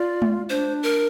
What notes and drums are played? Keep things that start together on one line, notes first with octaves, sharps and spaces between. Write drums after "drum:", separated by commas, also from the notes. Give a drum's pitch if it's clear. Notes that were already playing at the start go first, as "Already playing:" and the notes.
Already playing: F4 D5
drum: tom G#3
D4 C5
A#4